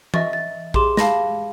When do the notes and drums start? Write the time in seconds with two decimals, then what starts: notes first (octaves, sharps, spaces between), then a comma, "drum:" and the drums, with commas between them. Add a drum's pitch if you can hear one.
0.14 D#5 E5 C#6 A6, drum: tom E3
0.33 A6
0.74 G4 G#4 C6 D6 E7, drum: kick A#1
0.97 F5 A5 B5 A#6, drum: snare